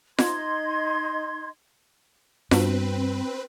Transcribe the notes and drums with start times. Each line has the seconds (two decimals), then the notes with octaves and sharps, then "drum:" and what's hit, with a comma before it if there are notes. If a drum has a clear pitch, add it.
0.18 D#4 D#5 C6 G#6, drum: snare F4
2.51 G2 B3 C4 D4 F#4 B4, drum: snare F4